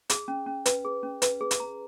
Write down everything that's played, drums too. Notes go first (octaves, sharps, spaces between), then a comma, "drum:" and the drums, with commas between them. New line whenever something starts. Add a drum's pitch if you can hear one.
G#4, drum: hi-hat
C#4
C#4
B4, drum: hi-hat
G#4
C#4
B4, drum: hi-hat
G#4
drum: hi-hat
A#5